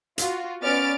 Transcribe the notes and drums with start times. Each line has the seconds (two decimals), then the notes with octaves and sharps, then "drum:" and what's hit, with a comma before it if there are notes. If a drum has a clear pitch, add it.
0.18 F4 F#4, drum: hi-hat
0.62 B3 C#4 D5 F6 A6 D7